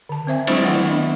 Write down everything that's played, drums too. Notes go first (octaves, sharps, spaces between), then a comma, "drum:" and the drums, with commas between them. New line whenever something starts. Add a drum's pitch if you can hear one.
D3 A5
C4 C5 E5 G5 G#5
F#3 G#3 C4 D4 E4, drum: cymbal
D#3 F#3 A3 E4 F#5 G5
B3 D4 D#5 E5